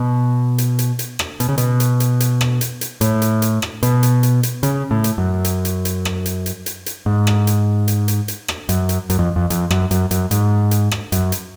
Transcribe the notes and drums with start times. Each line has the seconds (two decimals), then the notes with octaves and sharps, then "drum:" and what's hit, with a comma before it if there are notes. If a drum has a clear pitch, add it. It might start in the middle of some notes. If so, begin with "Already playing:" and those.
Already playing: B2
0.58 drum: hi-hat
0.79 drum: hi-hat
0.99 drum: hi-hat
1.19 drum: rim click
1.40 B2, drum: hi-hat
1.49 C#3
1.58 B2, drum: hi-hat
1.80 drum: hi-hat
2.00 drum: hi-hat
2.20 drum: hi-hat
2.41 drum: rim click
2.61 drum: hi-hat
2.81 drum: hi-hat
3.01 A2, drum: hi-hat
3.22 drum: hi-hat
3.42 drum: hi-hat
3.62 drum: rim click
3.83 B2, drum: hi-hat
4.03 drum: hi-hat
4.23 drum: hi-hat
4.43 drum: hi-hat
4.63 C#3, drum: hi-hat
4.91 A2
5.04 drum: hi-hat
5.18 F#2
5.45 drum: hi-hat
5.65 drum: hi-hat
5.85 drum: hi-hat
6.05 drum: rim click
6.26 drum: hi-hat
6.46 drum: hi-hat
6.66 drum: hi-hat
6.86 drum: hi-hat
7.06 G#2
7.27 drum: rim click
7.47 drum: hi-hat
7.88 drum: hi-hat
8.08 drum: hi-hat
8.28 drum: hi-hat
8.48 drum: rim click
8.69 F#2, drum: hi-hat
8.89 drum: hi-hat
9.10 F#2, drum: hi-hat
9.19 F2
9.36 F2
9.50 F2, drum: hi-hat
9.71 F#2, drum: rim click
9.91 F#2, drum: hi-hat
10.11 F#2, drum: hi-hat
10.31 G#2, drum: hi-hat
10.71 drum: hi-hat
10.91 drum: rim click
11.12 F#2, drum: hi-hat
11.32 drum: hi-hat